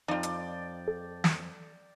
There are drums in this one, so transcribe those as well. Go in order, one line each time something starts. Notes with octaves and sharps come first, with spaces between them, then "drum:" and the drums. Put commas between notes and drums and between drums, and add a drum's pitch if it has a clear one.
F2 D#4 F4 D5 G5
drum: hi-hat
A4
drum: snare